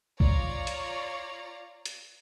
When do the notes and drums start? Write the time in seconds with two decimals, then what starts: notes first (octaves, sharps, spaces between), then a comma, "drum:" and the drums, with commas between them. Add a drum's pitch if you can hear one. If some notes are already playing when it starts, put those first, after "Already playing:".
0.20 F4 C#5 D5 A#5, drum: kick A#1
0.67 drum: hi-hat
1.86 drum: hi-hat